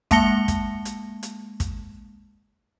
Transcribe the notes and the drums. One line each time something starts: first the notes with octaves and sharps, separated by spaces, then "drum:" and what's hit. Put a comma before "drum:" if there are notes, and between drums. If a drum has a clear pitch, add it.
G#3 A#3 A5 A#6 C#7 G7, drum: kick, hi-hat
drum: kick, hi-hat
drum: hi-hat
drum: hi-hat
drum: kick, hi-hat